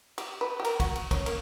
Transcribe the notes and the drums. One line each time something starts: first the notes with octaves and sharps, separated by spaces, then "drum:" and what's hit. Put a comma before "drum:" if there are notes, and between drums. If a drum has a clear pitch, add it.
G4, drum: cymbal
B4
G4
A#4, drum: cymbal
F#4, drum: kick, cymbal
drum: cymbal
C#4, drum: kick, cymbal
A#3, drum: cymbal